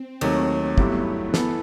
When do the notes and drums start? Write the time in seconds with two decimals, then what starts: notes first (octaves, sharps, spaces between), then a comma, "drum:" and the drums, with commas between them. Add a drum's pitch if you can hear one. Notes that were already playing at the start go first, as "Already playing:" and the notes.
Already playing: C4
0.21 D#2 D#3 F#3 A3, drum: cymbal
0.78 G2 F#3 A3 B3 E4 G4, drum: kick
1.34 E3 B3 E4 A4, drum: snare